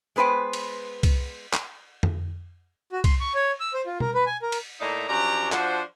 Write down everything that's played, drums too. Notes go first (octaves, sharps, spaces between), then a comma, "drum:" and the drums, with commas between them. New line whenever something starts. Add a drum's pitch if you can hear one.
G#3 B3 B4 C5 G5
drum: cymbal
drum: kick C2, cymbal
drum: clap
drum: tom F2
F#4
C6, drum: kick C2, cymbal
C#6
C#5
E6
C5
F4
A#4, drum: tom B2
B4
G#5
A#4
drum: cymbal
A2 A#3 D#4 D5 E5 A#5
F#2 F3 D4 G4 C#5 A#5
F3 D4 F#4 C5, drum: clap